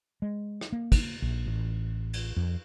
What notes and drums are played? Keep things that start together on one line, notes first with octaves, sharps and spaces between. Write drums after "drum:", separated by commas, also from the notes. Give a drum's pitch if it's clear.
G#3
drum: rim click
A#3
drum: kick, cymbal
A#1
A1
drum: cymbal
F2